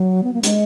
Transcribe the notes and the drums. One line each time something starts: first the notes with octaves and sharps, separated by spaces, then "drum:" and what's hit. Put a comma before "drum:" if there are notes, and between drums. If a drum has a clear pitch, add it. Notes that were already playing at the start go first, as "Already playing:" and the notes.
Already playing: F#3
B3
A#3
G#3, drum: hi-hat